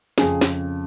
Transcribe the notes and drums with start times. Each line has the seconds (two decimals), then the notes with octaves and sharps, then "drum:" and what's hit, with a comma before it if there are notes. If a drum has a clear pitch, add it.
0.18 F2 C#3 G#4, drum: snare
0.41 drum: snare